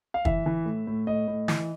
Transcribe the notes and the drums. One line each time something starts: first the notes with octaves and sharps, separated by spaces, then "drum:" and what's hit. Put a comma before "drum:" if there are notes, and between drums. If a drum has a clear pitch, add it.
F5
E3 E5, drum: kick
E3
A2
A2
A2 D#5
A2
E3, drum: snare